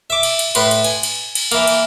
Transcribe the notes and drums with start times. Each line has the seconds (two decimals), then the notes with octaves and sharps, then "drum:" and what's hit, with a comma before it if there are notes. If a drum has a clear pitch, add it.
0.10 E5 D6
0.23 drum: cymbal
0.39 drum: cymbal
0.55 A2 B4 C6, drum: cymbal
0.71 drum: cymbal
0.84 G#5, drum: cymbal
1.03 drum: cymbal
1.35 drum: cymbal
1.51 E3 A#3, drum: cymbal
1.67 drum: cymbal